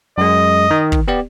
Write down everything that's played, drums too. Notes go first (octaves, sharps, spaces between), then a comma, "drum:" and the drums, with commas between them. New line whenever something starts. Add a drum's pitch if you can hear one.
F#2 G#3 D#5
D#3
drum: kick
B3 G4 D5